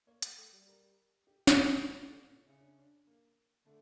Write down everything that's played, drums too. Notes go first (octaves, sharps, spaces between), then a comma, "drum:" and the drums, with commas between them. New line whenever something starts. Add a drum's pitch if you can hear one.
A#3 C#5
A#3, drum: hi-hat
A3
G3
A#4
G4
drum: snare
E3 F4
G4
D3
F4
A#2
C#3 E4
D4
C#4
D4
A#3
D3 A3